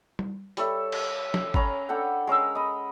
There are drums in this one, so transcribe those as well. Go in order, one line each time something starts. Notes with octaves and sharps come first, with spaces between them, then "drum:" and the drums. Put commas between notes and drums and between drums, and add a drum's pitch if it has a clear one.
drum: tom G3
G3 A4 C#5 E5, drum: hi-hat
drum: cymbal
drum: snare
C#4 A#5 B5, drum: kick G#1
D4 A4 F#5 G5
G#3 C#4 A#4 E6
D#5 B5